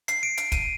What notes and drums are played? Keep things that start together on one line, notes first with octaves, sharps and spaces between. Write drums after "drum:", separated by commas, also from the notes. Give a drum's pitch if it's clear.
C7, drum: hi-hat
D7
D7, drum: hi-hat
D#7, drum: kick, hi-hat